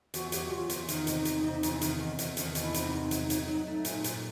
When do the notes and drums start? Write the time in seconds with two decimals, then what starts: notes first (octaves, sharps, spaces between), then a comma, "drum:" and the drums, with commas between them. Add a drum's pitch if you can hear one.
0.14 E2 F#4, drum: hi-hat
0.32 F#3 G4, drum: hi-hat
0.44 F#4
0.51 E2 F4
0.70 E2, drum: hi-hat
0.88 D#3 D#4, drum: hi-hat
1.07 C3, drum: hi-hat
1.25 E2, drum: hi-hat
1.44 C3
1.63 E2, drum: hi-hat
1.81 D#3, drum: hi-hat
2.00 E2
2.19 E2, drum: hi-hat
2.37 D#3 D4, drum: hi-hat
2.55 E2, drum: hi-hat
2.63 E4
2.74 C3 D#4, drum: hi-hat
2.93 E2
3.11 F#3, drum: hi-hat
3.30 F#3, drum: hi-hat
3.48 F#3
3.67 A3
3.85 A#2, drum: hi-hat
4.04 A#2, drum: hi-hat